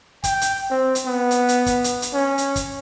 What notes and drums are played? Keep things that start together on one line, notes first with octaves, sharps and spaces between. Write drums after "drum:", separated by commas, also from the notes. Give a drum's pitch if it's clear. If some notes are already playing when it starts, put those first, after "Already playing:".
G5, drum: kick, hi-hat
drum: hi-hat
C4
drum: hi-hat
B3
drum: hi-hat
drum: hi-hat
drum: kick, hi-hat
drum: hi-hat
drum: hi-hat
C#4
drum: hi-hat
drum: kick, hi-hat